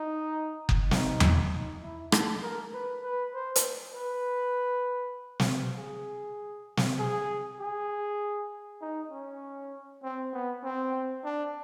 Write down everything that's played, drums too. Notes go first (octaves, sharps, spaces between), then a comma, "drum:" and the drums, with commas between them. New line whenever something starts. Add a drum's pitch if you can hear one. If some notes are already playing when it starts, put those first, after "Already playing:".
Already playing: D#4
drum: kick F#1
D#4, drum: snare
drum: tom E2
D#4
E4
A4, drum: rim click
A#4
B4
B4
C5
drum: hi-hat
B4
drum: snare
G#4
drum: snare
G#4
G#4
D#4
C#4
C4
B3
C4
D4